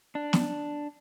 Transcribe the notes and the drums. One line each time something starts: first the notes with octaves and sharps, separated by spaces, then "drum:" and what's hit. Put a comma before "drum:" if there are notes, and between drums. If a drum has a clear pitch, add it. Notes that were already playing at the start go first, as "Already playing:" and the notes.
D4
drum: snare